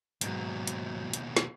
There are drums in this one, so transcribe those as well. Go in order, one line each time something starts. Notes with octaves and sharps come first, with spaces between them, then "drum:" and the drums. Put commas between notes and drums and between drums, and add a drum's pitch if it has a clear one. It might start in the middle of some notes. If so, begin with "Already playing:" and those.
D#2 G#2 B2 F#3, drum: hi-hat
drum: hi-hat
drum: hi-hat
drum: snare